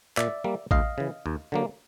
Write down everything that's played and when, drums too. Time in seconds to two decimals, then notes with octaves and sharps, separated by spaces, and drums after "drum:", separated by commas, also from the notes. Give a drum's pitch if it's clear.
0.17 A#2 D5 E5, drum: clap
0.44 G3 A#3
0.71 D2 D#5 F5, drum: kick A1
0.98 C#3 E3
1.26 D#2
1.52 D3 F#3 A#3